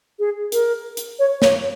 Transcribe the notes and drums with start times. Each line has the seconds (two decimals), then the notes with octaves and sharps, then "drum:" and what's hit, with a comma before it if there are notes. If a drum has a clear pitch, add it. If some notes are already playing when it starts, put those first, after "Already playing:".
0.19 G#4
0.52 A#4, drum: hi-hat
0.97 drum: hi-hat
1.19 C#5
1.42 C#5, drum: snare